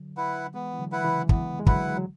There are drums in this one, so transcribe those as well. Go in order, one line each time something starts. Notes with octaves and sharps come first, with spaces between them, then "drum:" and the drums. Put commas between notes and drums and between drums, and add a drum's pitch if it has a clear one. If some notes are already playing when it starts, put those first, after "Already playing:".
Already playing: D3 F#3
E4 B4 F#5
E3 G#3 B3
E3
D3 F#3
E4 B4 F#5
C#3 E3
E3 G#3 B3, drum: kick
G#3
D3 F#3 E4 B4 F#5, drum: kick
G#3
F#3